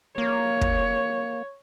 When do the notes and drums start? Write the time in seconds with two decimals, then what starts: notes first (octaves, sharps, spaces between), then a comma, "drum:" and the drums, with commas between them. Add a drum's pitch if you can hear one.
0.18 A#3 C#5
0.61 drum: kick